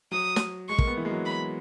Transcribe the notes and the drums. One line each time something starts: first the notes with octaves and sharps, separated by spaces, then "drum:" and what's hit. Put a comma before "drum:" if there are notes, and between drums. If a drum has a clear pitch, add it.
F#3 D#6
drum: snare
G#3 C#6
A#3, drum: kick
B3
E3
G#3
F#3
B5